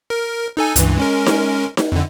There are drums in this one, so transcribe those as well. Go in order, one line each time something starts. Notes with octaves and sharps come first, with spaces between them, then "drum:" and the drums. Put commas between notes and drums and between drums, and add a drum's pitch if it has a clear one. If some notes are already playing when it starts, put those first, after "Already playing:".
A#4
D#4 A4 G#5
C#2 G2 E3, drum: hi-hat
G#3 C#4 A#4
drum: snare D#4
drum: snare D#4
F2 D3